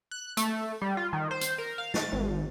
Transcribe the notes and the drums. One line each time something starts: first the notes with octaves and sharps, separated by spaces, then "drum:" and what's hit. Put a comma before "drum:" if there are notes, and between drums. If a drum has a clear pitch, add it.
F#6
A3, drum: hi-hat
G3
F4
D#3
C5
drum: hi-hat
A#4
F5
A6, drum: snare
G#1